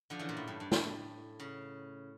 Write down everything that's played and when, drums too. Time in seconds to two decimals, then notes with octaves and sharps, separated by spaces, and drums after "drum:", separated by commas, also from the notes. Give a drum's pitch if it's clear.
0.10 D3 F3
0.19 C#3 E3
0.29 A#2
0.37 A2
0.47 G2
0.60 G2
0.72 A2, drum: snare
1.40 C#3